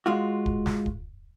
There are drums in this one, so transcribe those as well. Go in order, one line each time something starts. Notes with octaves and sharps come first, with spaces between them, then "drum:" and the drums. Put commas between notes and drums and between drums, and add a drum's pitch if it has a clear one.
G#3 F4 F#4
drum: kick
drum: snare
drum: kick